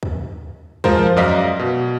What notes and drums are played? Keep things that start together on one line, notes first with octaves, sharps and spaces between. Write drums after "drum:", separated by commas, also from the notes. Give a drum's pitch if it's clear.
drum: kick
F3 G#3 F4 A#4 C5, drum: kick
F#2 D5 D#5 F5 B6, drum: tom F2
B2